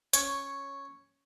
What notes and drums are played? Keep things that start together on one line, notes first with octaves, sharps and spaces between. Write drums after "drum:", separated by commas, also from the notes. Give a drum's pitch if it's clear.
C#4 C#5, drum: hi-hat